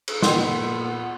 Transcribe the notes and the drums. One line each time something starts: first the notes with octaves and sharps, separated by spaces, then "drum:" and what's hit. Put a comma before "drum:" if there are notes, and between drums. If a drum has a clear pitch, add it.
drum: cymbal
A#2 B3 F4 C6, drum: snare